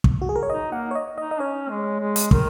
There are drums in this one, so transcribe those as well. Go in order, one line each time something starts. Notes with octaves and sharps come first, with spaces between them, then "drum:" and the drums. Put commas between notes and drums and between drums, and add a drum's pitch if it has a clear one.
drum: kick
F#4
G#4
A#4
C#5
D#4 D#5
A#3 F#5
C#5
D#5
D#4 D#5
D#5
C#4 C#5
G#3
G#3
drum: hi-hat
D#3, drum: kick